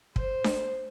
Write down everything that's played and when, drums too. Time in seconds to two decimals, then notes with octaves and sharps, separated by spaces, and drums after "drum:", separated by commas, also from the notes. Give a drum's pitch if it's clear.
0.16 C5, drum: kick
0.44 drum: snare D4